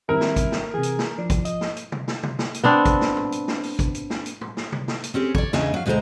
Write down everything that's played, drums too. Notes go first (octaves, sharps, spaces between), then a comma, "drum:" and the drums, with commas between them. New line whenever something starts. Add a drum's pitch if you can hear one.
D#3 G3 C4 E4 A#4
drum: snare
drum: kick, hi-hat
drum: snare
C3 E3 G#4
drum: hi-hat
drum: snare
F3 D4
drum: kick, hi-hat
D#5, drum: hi-hat
drum: snare
drum: hi-hat
drum: tom C3
drum: snare
drum: tom C3
drum: snare
drum: hi-hat
B3 C4 D4
drum: kick, hi-hat
drum: snare
drum: tom A2
drum: hi-hat
drum: snare
drum: open hi-hat
drum: kick, hi-hat
drum: hi-hat
drum: snare
drum: hi-hat
drum: tom A2
drum: snare
drum: tom C3
drum: snare
drum: hi-hat
C4 C#4 G4 G#4
C#5 D5, drum: kick
E2 C#3 D4 D#4 G#5, drum: snare
F#3 F5
D2 B2 G#3 E4 C5 A#5